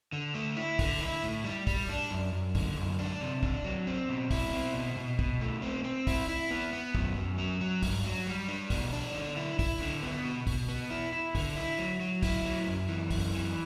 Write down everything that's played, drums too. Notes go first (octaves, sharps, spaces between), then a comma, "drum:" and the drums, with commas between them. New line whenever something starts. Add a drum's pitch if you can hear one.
D3
A3
E4
D3, drum: kick, open hi-hat
E4
A2
G3
G3, drum: kick, open hi-hat
D4
F#2
F#2
D3, drum: kick, open hi-hat
F#2
D4
C3
D4, drum: kick
F#3
C4
B2
E4, drum: kick, open hi-hat
C4
B2
B2
B2, drum: kick
A3
C4
C4
E4, drum: kick, open hi-hat
E4
B3
B3
F#2, drum: kick
F#2
F#3
F#3
G2, drum: kick, open hi-hat
F#3
G3
D4
B2, drum: kick, open hi-hat
D4
D3
E4
E4, drum: kick, open hi-hat
D3
B3
B2
B2, drum: kick, open hi-hat
B3
E4
E4
D3, drum: kick, open hi-hat
E4
F#3
F#3
E4, drum: kick, open hi-hat
F#3
F#2
E3
F#2, drum: kick, open hi-hat
E3